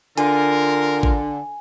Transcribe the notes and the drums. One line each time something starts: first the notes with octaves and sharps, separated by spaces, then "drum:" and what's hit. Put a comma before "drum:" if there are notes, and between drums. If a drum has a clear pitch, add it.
D3 F4 A#4 G#5, drum: hi-hat
drum: kick G#1